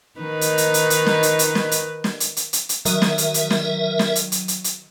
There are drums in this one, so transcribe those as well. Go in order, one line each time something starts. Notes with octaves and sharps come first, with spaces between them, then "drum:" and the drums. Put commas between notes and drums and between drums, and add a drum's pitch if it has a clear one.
D#3 D#4 B4
drum: hi-hat
drum: hi-hat
drum: hi-hat
drum: hi-hat
drum: snare
drum: hi-hat
drum: hi-hat
drum: snare
drum: hi-hat
drum: snare
drum: hi-hat
drum: hi-hat
drum: hi-hat
drum: hi-hat
D#3 F#3 A#4 E5 D#7, drum: hi-hat
drum: snare
drum: hi-hat
drum: hi-hat
drum: snare
drum: snare
drum: hi-hat
drum: hi-hat
drum: hi-hat
drum: hi-hat